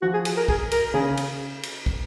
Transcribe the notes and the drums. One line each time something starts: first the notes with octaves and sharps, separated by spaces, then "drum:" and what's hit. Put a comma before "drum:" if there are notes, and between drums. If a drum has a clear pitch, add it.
F3 F#4
G#4
G#4, drum: cymbal
A#4
G#4, drum: kick
A#4, drum: cymbal
C#3 G#4
drum: cymbal
drum: cymbal
drum: kick